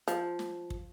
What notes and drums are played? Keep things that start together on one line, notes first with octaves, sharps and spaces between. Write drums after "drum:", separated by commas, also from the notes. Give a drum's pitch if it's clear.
F3, drum: hi-hat
drum: snare
drum: kick